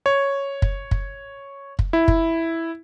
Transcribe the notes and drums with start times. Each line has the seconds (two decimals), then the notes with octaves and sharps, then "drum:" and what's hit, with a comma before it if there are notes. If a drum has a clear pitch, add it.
0.06 C#5
0.62 drum: kick
0.91 drum: kick
1.79 drum: kick
1.93 E4
2.08 drum: kick